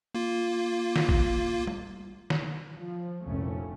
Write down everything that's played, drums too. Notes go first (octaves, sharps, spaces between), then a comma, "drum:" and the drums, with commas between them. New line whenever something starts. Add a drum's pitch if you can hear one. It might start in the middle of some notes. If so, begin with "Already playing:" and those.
A#3 F4
drum: snare
drum: kick
drum: tom G3
drum: snare
F3
F1 C2 A#2 A3 C#4